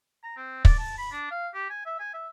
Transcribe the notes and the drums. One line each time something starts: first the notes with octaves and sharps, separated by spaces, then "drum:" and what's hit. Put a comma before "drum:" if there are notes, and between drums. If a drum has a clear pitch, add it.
A#5
C4
D5, drum: kick
A5
B5
D4
F5
G4
G#5
E5
G#5
E5